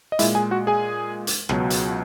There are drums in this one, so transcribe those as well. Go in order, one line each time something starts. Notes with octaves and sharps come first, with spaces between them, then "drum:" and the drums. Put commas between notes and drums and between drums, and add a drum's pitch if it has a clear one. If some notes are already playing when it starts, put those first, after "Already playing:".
D#5
A#2 G#3 E4 E5, drum: hi-hat
G#4 G#5
F#4 F#5
G#4 G#5
drum: hi-hat
C#2 B2 F#3, drum: rim click
drum: hi-hat